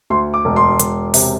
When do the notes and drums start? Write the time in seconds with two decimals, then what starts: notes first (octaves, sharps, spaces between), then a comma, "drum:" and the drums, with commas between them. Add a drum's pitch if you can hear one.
0.10 D2 C6
0.34 D6
0.45 E1
0.56 C6
0.80 E1, drum: hi-hat
1.14 C3, drum: open hi-hat